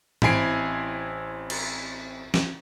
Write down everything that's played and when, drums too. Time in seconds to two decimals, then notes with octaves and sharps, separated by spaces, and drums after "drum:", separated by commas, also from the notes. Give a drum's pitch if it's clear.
0.22 A1 C4 E4 G#5 C7 D7, drum: tom G#2
1.50 drum: cymbal
2.34 drum: snare